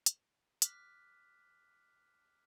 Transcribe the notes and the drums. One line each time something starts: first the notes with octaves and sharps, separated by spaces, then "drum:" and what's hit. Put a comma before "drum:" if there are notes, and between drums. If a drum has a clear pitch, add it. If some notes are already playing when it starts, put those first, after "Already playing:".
drum: hi-hat
D6 F6 F#6 B6, drum: hi-hat